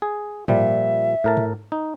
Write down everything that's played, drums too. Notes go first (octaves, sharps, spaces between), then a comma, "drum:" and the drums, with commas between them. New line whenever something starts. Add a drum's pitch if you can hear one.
G#4
A#2 F3 G3 E5, drum: tom G#2
A2 A#4 A5
drum: tom G#2
D#4